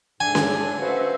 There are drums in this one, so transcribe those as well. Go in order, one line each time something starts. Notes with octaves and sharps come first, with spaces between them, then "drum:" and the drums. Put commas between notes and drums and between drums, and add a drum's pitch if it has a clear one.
G#2 A3 D4 G#5
drum: snare C#4
F#4 B4 C5 E5 F5